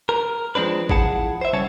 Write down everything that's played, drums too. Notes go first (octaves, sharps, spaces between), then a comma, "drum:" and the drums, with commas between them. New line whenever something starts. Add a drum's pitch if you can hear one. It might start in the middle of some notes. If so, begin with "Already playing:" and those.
A#4
F3 G#3 C4 D4 B4
F3 E4 G#4 F#5 A5, drum: kick G#1
C5 E5
C#3 G3 C#4 C#5 F#5 A5